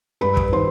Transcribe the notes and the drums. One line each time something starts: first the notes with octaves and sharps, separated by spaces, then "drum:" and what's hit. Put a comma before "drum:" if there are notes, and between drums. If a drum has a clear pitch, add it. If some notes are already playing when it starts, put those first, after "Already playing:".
G2 B4 B5
drum: kick
D#3 C5 C6